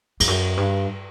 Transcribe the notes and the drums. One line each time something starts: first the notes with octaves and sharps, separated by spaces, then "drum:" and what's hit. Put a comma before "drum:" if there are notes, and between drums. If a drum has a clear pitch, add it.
F2, drum: cymbal
F#2
G2